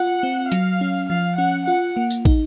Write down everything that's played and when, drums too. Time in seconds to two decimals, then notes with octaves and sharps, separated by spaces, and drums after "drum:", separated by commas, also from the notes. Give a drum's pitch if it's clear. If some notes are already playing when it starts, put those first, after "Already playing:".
Already playing: F4 F#5
0.23 C4
0.52 F#3 F5, drum: hi-hat
0.81 C#4
1.10 F3 F5
1.38 C#4 F#5
1.67 F4 F#5
1.97 A#3
2.10 drum: tambourine
2.25 D#4, drum: kick